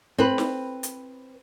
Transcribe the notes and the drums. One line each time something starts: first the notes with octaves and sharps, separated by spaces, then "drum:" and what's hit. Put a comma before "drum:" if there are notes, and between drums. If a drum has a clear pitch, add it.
C4 B4
drum: snare
drum: hi-hat